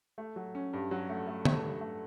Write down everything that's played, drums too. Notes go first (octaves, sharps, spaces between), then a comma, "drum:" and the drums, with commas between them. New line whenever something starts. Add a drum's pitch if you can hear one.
A3
F#3
C#4
G2
F#3
A3
A3
A3, drum: tom
G2
A3